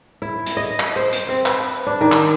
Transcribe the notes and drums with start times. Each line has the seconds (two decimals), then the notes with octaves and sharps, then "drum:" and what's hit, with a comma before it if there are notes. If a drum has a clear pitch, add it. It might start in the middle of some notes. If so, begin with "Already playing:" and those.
0.22 E4
0.46 drum: hi-hat
0.57 D#5
0.79 drum: clap
0.96 C5
1.13 drum: hi-hat
1.29 C4
1.46 B4, drum: clap
1.87 D4
2.01 D#3
2.12 drum: clap